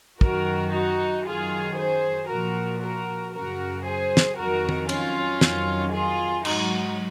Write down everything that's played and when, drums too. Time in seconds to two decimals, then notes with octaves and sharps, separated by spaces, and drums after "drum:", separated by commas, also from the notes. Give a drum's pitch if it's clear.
0.21 F#2 D#3 F#3 F#4 A#4, drum: kick
0.72 D#4 F#4
1.25 F#2 D#3 F#3 F4 G#4
1.77 G#4 C5
2.28 A#2 F3 F#4 A#4
2.81 F#4 A#4
3.33 F#2 C#3 F#3 F#4 A#4
3.84 G#4 C5
4.17 drum: snare
4.37 F2 D#3 F#3 F#4 A#4
4.69 drum: tom
4.89 C#4 F4, drum: cymbal
5.41 F2 D#3 F#3, drum: snare
5.92 F4 G#4
6.45 G#2 F#3 D#4 F#4, drum: cymbal